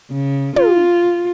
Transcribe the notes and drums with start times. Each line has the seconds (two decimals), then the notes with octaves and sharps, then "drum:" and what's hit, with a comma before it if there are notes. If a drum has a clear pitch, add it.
0.11 C#3
0.56 F4, drum: tom